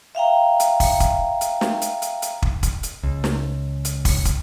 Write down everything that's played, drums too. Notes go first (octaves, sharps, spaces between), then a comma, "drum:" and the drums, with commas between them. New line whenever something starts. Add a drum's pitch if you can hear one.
E5 F5 G5 A#5
drum: hi-hat
drum: kick, open hi-hat
drum: kick, hi-hat
drum: hi-hat
drum: snare
drum: hi-hat
drum: hi-hat
drum: hi-hat
drum: kick
drum: kick, hi-hat
drum: hi-hat
C#2
drum: snare
drum: hi-hat
drum: kick, open hi-hat
drum: kick, hi-hat